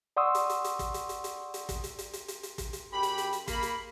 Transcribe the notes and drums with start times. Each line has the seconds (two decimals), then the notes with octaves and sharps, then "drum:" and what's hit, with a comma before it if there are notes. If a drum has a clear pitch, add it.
0.17 D5 F#5 C6 C#6 D#6 E6
0.35 drum: hi-hat
0.49 drum: hi-hat
0.64 drum: hi-hat
0.79 drum: kick, hi-hat
0.94 drum: hi-hat
1.09 drum: hi-hat
1.24 drum: hi-hat
1.54 drum: hi-hat
1.69 drum: kick, hi-hat
1.84 drum: hi-hat
1.98 drum: hi-hat
2.13 drum: hi-hat
2.28 drum: hi-hat
2.43 drum: hi-hat
2.58 drum: kick, hi-hat
2.73 drum: hi-hat
2.93 F#2 G4 B5
3.03 drum: hi-hat
3.18 drum: hi-hat
3.33 drum: hi-hat
3.48 A#3 B5, drum: kick, hi-hat
3.62 drum: hi-hat